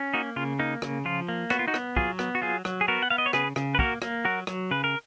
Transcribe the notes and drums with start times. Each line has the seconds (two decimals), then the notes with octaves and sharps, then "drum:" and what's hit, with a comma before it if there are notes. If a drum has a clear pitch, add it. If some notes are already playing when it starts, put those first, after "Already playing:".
Already playing: C#4
0.14 A#3 D#4 F#4
0.36 C#3 F4
0.59 A#3 D#4
0.82 C#3, drum: rim click
1.05 F3 F4
1.28 A#3
1.50 B3 F#4, drum: rim click
1.59 F4
1.68 D#4 F#4
1.74 B3, drum: rim click
1.96 F#3 F4 G#4, drum: kick
2.19 B3, drum: rim click
2.35 F#4
2.42 F#3 F4 G#4
2.65 F#3, drum: rim click
2.81 G#4
2.88 B3 F#4 A#4
3.02 F#5
3.10 B3 F5
3.18 D#5
3.26 C#5
3.33 C#3 G#4 B4, drum: rim click
3.56 C#3, drum: rim click
3.75 B4
3.79 A#3 F#4 A#4, drum: kick
4.02 A#3, drum: rim click
4.25 F#3 F#4 A#4
4.47 F#3, drum: rim click
4.71 C#3 B4
4.84 A#4